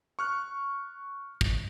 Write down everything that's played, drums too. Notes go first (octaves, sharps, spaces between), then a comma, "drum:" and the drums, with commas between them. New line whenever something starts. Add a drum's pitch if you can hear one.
C#6 F6 F#6
drum: kick